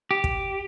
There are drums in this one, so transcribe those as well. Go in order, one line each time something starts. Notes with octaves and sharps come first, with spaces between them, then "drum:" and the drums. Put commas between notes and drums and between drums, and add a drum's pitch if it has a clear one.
G4
drum: kick